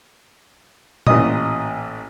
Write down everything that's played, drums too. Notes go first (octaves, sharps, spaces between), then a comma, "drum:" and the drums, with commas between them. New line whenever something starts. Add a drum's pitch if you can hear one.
A1 A#2 E3 D#5 D#6, drum: tom A#2